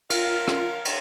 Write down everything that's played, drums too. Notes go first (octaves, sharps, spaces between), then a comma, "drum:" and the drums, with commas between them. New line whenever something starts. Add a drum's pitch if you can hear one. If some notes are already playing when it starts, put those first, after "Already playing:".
F4 A#4 F5, drum: cymbal
drum: rim click
drum: cymbal